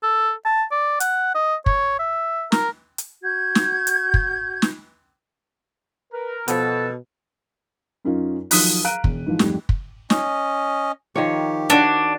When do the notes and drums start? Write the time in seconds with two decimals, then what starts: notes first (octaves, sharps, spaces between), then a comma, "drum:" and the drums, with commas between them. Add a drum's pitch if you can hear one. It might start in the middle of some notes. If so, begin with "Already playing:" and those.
0.03 A4
0.45 A5
0.71 D5
1.00 F#5, drum: hi-hat
1.35 D#5
1.66 C#5, drum: kick
1.99 E5
2.52 A#4, drum: snare
2.98 drum: hi-hat
3.22 F#4 G6 G#6
3.55 drum: snare
3.87 drum: hi-hat
4.14 drum: kick
4.62 drum: snare
6.13 A#4 B4
6.48 B2 F3 B3 A4 A5, drum: hi-hat
8.05 F#2 C#4 D#4 F4
8.51 D#3 F3 F#3 D#6 F#6 B6, drum: open hi-hat
8.84 F5 A#5 F#6 D7 D#7
9.04 E1, drum: kick
9.26 G#2 E3 F3
9.39 F2 G#2 G3 A3, drum: snare
9.69 drum: kick
10.10 C#4 D#5, drum: snare
11.16 D#3 F3 G4 C#5
11.70 D4 F#4 C#5